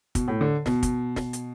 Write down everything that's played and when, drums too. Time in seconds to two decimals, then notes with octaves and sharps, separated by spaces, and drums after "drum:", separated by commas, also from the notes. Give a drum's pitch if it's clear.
0.15 B2, drum: kick, hi-hat
0.28 A2
0.41 D3
0.66 B2, drum: snare
0.83 drum: kick, hi-hat
1.16 drum: snare
1.33 drum: hi-hat